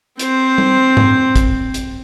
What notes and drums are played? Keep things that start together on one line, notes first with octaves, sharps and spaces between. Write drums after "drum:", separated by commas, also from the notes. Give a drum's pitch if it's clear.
C4 C5, drum: hi-hat
drum: tom G3
drum: tom G#2
drum: kick, hi-hat
drum: hi-hat